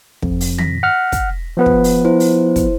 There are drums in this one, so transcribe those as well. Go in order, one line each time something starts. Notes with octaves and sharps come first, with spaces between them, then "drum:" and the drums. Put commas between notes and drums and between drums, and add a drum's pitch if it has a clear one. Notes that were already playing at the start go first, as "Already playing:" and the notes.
F2, drum: kick
drum: open hi-hat
A#6 B6, drum: tom
F#5 F6
drum: kick, hi-hat
F3 B3 B4
drum: kick
drum: open hi-hat
E4 C5
drum: open hi-hat
drum: kick, hi-hat